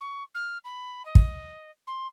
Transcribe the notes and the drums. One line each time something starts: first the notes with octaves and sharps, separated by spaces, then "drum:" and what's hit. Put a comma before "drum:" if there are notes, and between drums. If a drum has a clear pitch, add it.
C#6
F6
B5
D#5
drum: kick
C6